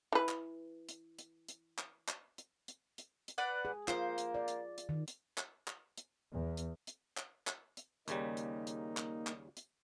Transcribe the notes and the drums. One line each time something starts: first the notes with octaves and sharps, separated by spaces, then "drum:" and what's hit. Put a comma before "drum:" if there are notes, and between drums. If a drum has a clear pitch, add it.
E3 B4
drum: clap
drum: hi-hat
drum: hi-hat
drum: hi-hat
drum: clap
drum: clap
drum: hi-hat
drum: hi-hat
drum: hi-hat
drum: hi-hat
B4 D5 F#5
G#4
A#3 F4 C5, drum: clap
drum: hi-hat
D5
drum: hi-hat
drum: hi-hat
D#3
drum: hi-hat
drum: clap
drum: clap
drum: hi-hat
E2
drum: hi-hat
drum: hi-hat
drum: clap
drum: clap
drum: hi-hat
D#2 C#3 G3 A#3 D#4, drum: hi-hat
drum: hi-hat
drum: hi-hat
drum: clap
drum: clap
drum: hi-hat